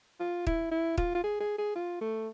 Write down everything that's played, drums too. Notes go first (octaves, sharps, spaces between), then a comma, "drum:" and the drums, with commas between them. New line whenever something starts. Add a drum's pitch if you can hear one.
F4
E4, drum: kick
E4
F4, drum: kick
F4
G#4
G#4
G#4
F4
A3